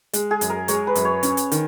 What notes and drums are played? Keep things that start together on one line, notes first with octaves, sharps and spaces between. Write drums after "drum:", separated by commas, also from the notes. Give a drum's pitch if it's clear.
G#3, drum: hi-hat
G#4
F#2, drum: hi-hat
A#4
G#3 C#5, drum: hi-hat
B4
F#2, drum: hi-hat
C#5
C#4, drum: hi-hat
drum: hi-hat
D#3, drum: hi-hat